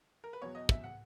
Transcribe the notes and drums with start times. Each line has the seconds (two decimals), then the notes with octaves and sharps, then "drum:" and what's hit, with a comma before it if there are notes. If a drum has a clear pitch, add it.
0.24 A#4
0.33 B4
0.42 E2 B2 F#3 C#5
0.55 D#5
0.69 E5, drum: kick
0.84 F#5